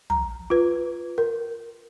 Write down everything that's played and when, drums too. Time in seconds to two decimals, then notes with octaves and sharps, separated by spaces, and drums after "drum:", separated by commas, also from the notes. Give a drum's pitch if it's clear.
0.10 A#5, drum: tom
0.50 F4 B4
1.18 A#4